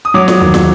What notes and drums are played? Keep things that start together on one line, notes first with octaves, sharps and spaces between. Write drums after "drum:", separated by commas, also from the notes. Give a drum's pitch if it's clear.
D#6
F#3 D6
drum: snare
D#2
drum: snare